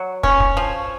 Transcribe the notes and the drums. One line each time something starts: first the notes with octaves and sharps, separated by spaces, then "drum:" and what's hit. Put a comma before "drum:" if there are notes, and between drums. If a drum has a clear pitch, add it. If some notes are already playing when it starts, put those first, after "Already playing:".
Already playing: F#3
C#4, drum: kick
drum: kick
F3